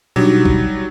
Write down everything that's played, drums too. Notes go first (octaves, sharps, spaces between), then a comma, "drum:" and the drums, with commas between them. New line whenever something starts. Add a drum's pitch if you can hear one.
B2 F#3 G3 D4 D#4
drum: kick